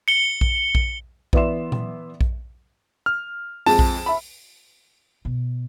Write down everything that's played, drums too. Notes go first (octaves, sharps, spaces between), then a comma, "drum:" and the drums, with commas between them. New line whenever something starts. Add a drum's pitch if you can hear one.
C#7 G7
drum: kick A#1
drum: kick A#1
E3 B3 D5 E5 C6 E7, drum: kick A#1
drum: tom A#2
drum: kick A#1
F6
F2 G#3 A5, drum: open hi-hat
drum: kick A#1
E5 B5
B2